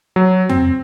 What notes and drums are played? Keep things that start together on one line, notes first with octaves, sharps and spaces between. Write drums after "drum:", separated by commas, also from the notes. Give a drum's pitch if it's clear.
F#3
C4, drum: tom F2